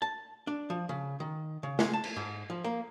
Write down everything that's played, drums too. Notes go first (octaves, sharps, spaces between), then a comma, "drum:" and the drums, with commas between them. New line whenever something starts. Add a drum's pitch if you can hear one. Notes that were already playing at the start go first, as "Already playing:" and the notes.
A5
D4
F3
C#3
D#3
C#3
G#3, drum: snare
A5
drum: cymbal
G#2
F3
A#3